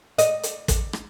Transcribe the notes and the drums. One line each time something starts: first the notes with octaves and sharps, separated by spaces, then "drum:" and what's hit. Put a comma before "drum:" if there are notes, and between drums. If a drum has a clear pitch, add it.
D#5, drum: hi-hat
drum: hi-hat
drum: kick, hi-hat
drum: rim click